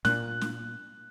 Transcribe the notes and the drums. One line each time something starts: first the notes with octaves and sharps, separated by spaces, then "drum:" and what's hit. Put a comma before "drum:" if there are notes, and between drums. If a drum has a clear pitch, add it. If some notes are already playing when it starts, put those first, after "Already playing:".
A#2 F#6, drum: snare
drum: snare